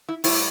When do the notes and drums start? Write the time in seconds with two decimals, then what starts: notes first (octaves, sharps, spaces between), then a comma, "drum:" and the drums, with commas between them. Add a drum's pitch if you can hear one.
0.08 E4
0.24 A2 G3 E4, drum: open hi-hat